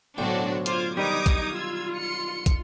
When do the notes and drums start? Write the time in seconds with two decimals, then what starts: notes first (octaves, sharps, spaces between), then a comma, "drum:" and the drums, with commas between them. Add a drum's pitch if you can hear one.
0.18 B1 A2 D3 D4 F#4 C5 C#5 G5
0.66 F4 C5 D6 G#6, drum: hi-hat
0.97 D#3 G3 D#4 G4 D6 D#6 G#6 D7
1.26 drum: kick, hi-hat
1.55 F4 E6 G#6
1.97 C6 C#7
2.46 drum: kick, hi-hat